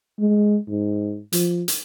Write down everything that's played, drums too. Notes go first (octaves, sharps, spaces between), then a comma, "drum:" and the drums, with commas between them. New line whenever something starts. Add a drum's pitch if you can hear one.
G#3
G#2
F3, drum: hi-hat
drum: hi-hat